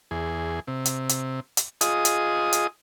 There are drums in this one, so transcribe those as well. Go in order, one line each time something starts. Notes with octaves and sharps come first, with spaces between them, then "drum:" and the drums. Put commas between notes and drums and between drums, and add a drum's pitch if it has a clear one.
E2 G#4
C3
drum: hi-hat
drum: hi-hat
drum: hi-hat
F4 G#4 D#5 D#6, drum: hi-hat
drum: hi-hat
drum: hi-hat